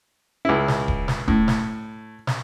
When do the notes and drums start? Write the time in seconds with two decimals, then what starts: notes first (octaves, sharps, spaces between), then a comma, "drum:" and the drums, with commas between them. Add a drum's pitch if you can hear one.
0.45 C#2 E4
0.68 drum: snare
0.88 drum: kick D#1
1.08 drum: snare
1.28 A2, drum: kick D#1
1.48 drum: snare
2.27 drum: snare